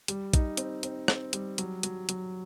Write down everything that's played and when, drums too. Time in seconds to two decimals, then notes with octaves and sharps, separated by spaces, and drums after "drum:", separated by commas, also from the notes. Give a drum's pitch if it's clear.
0.08 G3, drum: hi-hat
0.33 D#4, drum: kick A#1, hi-hat
0.57 C4, drum: hi-hat
0.83 C4, drum: hi-hat
1.08 C4, drum: rim click
1.33 G3, drum: hi-hat
1.58 F#3, drum: hi-hat
1.83 F#3, drum: hi-hat
2.09 F#3, drum: hi-hat